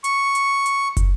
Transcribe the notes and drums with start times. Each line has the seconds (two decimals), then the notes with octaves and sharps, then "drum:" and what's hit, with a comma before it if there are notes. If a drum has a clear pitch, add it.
0.04 C#6, drum: hi-hat
0.35 drum: hi-hat
0.66 drum: hi-hat
0.97 drum: kick, hi-hat